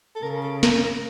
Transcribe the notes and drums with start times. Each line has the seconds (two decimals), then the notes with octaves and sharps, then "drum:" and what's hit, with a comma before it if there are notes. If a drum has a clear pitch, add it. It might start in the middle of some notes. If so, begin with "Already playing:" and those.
0.16 A4
0.22 C#3 A#4
0.43 A4
0.63 A#4, drum: snare
0.84 A#4